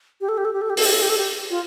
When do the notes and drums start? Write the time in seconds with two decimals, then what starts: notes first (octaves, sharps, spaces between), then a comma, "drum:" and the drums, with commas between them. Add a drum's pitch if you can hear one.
0.21 G4
0.29 A4
0.38 G4
0.45 A4
0.53 G4
0.62 A4
0.70 G4
0.77 A4, drum: open hi-hat
0.86 G4
0.94 A4
1.02 G4
1.10 A4
1.18 G4
1.51 F4